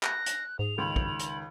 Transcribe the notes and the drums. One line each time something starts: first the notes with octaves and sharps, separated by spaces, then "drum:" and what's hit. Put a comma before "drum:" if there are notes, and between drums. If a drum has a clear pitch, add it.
F#6 A#6, drum: clap
drum: hi-hat
G#2 G#4 F7
C#2 D#3 B5
drum: kick
drum: hi-hat